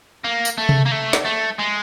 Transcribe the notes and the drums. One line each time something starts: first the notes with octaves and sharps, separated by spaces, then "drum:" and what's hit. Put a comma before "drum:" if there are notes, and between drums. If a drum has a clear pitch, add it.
A#3
drum: tambourine
A3
drum: tom C3
A#3
A3
drum: snare
A3
G#3